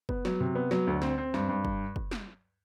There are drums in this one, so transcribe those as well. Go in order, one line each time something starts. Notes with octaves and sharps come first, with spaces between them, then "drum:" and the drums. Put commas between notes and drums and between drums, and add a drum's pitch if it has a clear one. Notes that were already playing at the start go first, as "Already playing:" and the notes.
B3, drum: kick
F#3, drum: snare
C3
B3
F#3, drum: snare
D2
C4, drum: snare
C4
G2, drum: snare
G2
drum: kick
drum: kick
drum: snare